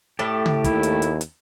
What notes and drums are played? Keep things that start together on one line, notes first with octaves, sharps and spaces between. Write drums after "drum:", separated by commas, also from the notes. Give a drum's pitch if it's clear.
A2 A3 G4 A4 A5
drum: tom C#3
D#2 E4, drum: kick, hi-hat
drum: hi-hat
drum: hi-hat
drum: hi-hat